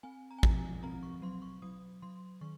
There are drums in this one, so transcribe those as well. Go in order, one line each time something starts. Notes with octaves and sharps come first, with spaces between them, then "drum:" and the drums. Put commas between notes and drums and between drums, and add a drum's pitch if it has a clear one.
C4 G#5
A#5
G#5
F3 A#5, drum: kick A1
G#5
C4 A#5
C#6
F#3 C6
C#6
F#3 D#6
F#3 C6
D#3 C#6